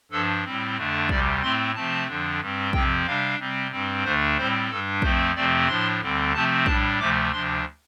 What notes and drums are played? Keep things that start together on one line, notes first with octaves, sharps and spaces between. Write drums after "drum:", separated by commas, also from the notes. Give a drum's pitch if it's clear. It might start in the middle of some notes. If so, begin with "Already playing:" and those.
G2 F3 D4 A4
A2 G3 C4
F2 D3 A3 D4
D2 C3 G3 D5, drum: kick A#1
A2 A3 C4 C6
C3 F3 A3 C4 A5
F2 D3 F3 D4
G2 G3 C4
F2 C3 F3 C4 G5, drum: kick A#1
C3 G3 D4 F5
C3 G3 C4
G2 G3 C4
D2 D3 A3 D4 C5
A2 G3 C4 C5
G2 G3 D4 A4
F2 F3 A3 C4 C5, drum: kick A#1
F2 C3 F3 A3 C4 D5
A2 F3 D4 C6
D2 D3 G3 C4
C3 F3 A3 C4 A5
A2 G3 D4 A5, drum: kick A#1
D2 C3 F3 A3 D6
D2 C3 F3 D4 C6